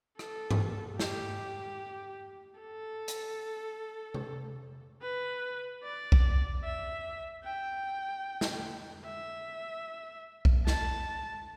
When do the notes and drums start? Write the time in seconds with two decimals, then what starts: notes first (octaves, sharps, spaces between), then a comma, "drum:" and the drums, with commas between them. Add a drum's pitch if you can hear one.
0.19 A4, drum: rim click
0.51 drum: tom G2
0.99 G4, drum: snare
2.61 A4
3.08 drum: hi-hat
4.14 drum: tom C3
5.02 B4
5.83 D5
6.12 drum: kick B1
6.64 E5
7.45 G5
8.41 drum: snare
9.06 E5
10.45 drum: kick B1
10.67 A5, drum: snare